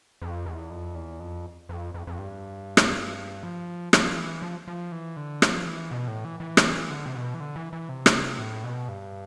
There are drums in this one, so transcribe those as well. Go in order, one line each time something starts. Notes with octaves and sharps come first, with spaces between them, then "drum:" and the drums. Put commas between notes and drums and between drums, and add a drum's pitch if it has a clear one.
F2
E2
F2
E2
F2
F2
F2
F2
G2
drum: rim click
F3
F3, drum: rim click
E3
F3
F3
E3
D3
F3, drum: rim click
E3
B2
A2
E3
E3
drum: rim click
D3
C3
B2
E3
D3
E3
E3
C3
drum: rim click
A2
B2
G2